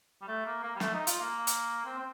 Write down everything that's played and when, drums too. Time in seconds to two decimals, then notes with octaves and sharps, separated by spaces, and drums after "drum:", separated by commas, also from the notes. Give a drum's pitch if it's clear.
0.22 G3
0.28 A3
0.46 A#3
0.63 A#3
0.76 G3
0.80 A3, drum: snare
0.94 D#4
1.07 F4, drum: hi-hat
1.20 A#3
1.47 drum: hi-hat
1.85 C4
1.98 C4